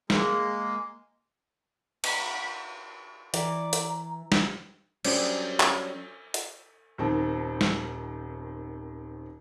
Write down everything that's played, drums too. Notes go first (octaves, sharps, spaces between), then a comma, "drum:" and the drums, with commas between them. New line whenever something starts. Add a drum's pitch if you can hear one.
G#3 A#3, drum: snare
B5, drum: cymbal
E3 D5 A#5, drum: hi-hat
drum: hi-hat
drum: snare
F#3 G3 C#4 D4 C5 D5, drum: cymbal
drum: clap
drum: hi-hat
D#1 D#3 C4 A5
drum: snare